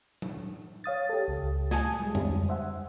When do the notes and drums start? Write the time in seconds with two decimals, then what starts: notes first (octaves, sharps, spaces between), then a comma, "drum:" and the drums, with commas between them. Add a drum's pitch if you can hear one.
0.22 drum: tom F#3
0.84 C#5 F5 D#6 A6
1.09 G4 A4
1.28 C#2
1.71 G#5 A5 D#6 G#6, drum: snare
2.00 G3 G#3
2.15 drum: tom F2
2.49 C5 E5 F#5